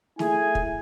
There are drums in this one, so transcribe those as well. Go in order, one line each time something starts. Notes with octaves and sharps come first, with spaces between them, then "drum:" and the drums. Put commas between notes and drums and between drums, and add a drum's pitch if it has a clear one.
A3 E4 G#4 G#5, drum: snare
drum: kick